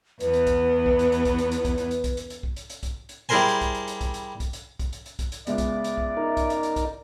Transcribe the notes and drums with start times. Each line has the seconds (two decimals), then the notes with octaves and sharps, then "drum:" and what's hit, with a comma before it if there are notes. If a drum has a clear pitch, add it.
0.20 E2 B3 B4, drum: hi-hat
0.33 drum: hi-hat
0.47 drum: kick, hi-hat
0.86 drum: kick
0.99 drum: hi-hat
1.12 drum: hi-hat
1.25 drum: kick, hi-hat
1.38 drum: hi-hat
1.52 drum: hi-hat
1.65 drum: kick, hi-hat
1.78 drum: hi-hat
1.91 drum: hi-hat
2.04 drum: kick, hi-hat
2.17 drum: hi-hat
2.30 drum: hi-hat
2.43 drum: kick
2.56 drum: hi-hat
2.70 drum: hi-hat
2.83 drum: kick, hi-hat
3.09 drum: hi-hat
3.29 G3 E4 G#4 A#4 C5 G#5
3.48 drum: hi-hat
3.61 drum: kick, hi-hat
3.75 drum: hi-hat
3.88 drum: hi-hat
4.01 drum: kick, hi-hat
4.14 drum: hi-hat
4.40 drum: kick, hi-hat
4.53 drum: hi-hat
4.79 drum: kick, hi-hat
4.93 drum: hi-hat
5.06 drum: hi-hat
5.19 drum: kick, hi-hat
5.32 drum: hi-hat
5.47 C#2 G#3 B3 D5 E5, drum: hi-hat
5.58 drum: kick, hi-hat
5.84 drum: hi-hat
5.98 drum: kick
6.17 D#4 A#4
6.37 drum: kick, hi-hat
6.50 drum: hi-hat
6.63 drum: hi-hat
6.76 drum: kick, hi-hat